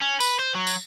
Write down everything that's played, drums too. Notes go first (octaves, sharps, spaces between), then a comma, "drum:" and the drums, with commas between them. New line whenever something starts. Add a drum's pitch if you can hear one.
C#4
B4, drum: tambourine
C5
F#3
drum: tambourine